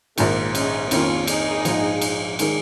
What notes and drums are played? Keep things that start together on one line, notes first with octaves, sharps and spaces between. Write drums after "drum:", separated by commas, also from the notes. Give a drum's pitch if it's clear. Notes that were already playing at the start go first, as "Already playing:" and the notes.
A#1 G#2 D#3 F3 A#3, drum: cymbal
G#3 C#4, drum: cymbal
F2 D#3 A#3 C#4 F4, drum: cymbal
D#4 G#4, drum: cymbal
A#1 G#2 F3, drum: cymbal
drum: cymbal
D#3 G#3 D#4 G#4, drum: cymbal